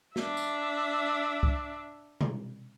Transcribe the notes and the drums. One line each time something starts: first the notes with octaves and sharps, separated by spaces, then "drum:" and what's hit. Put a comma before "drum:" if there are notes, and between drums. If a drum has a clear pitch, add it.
D4 E5, drum: snare
drum: tambourine
drum: kick C2
drum: tom B2